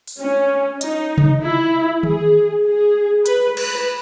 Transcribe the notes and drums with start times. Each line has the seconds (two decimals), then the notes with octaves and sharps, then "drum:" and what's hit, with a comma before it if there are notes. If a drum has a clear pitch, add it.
0.07 drum: open hi-hat
0.20 C#4
0.81 D#4, drum: hi-hat
1.18 drum: tom C3
1.42 E4
2.03 G#4, drum: tom D#3
2.65 G#4
3.26 B4, drum: hi-hat
3.57 B4, drum: cymbal